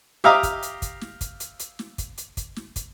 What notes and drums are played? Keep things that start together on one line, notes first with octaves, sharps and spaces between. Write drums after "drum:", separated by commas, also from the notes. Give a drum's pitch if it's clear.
G4 E5 F5 A#5 D6 D#6, drum: snare
drum: kick, hi-hat
drum: hi-hat
drum: kick, hi-hat
drum: snare
drum: kick, hi-hat
drum: hi-hat
drum: hi-hat
drum: snare
drum: kick, hi-hat
drum: hi-hat
drum: kick, hi-hat
drum: snare
drum: kick, hi-hat